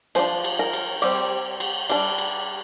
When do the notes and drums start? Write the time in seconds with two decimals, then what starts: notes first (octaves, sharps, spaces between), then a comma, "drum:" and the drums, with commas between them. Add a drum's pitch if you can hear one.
0.15 F3 D4 C5, drum: cymbal
0.44 drum: cymbal
0.59 A#4
0.73 drum: cymbal
1.02 G3 C4 G4, drum: cymbal
1.60 drum: cymbal
1.90 G3 D4, drum: cymbal
2.18 drum: cymbal